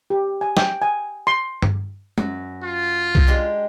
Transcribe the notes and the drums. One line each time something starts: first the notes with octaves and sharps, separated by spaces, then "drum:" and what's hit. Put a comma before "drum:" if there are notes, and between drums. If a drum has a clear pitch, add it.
G4
G#5
G5, drum: snare
G#5
C6
drum: tom G2
F#2, drum: tom
F4
drum: kick C2
G#3 D4 G4